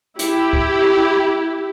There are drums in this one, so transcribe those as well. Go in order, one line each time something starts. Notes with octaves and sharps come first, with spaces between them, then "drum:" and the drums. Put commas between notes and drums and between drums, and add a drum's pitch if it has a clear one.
E4 G4, drum: hi-hat
drum: kick C#2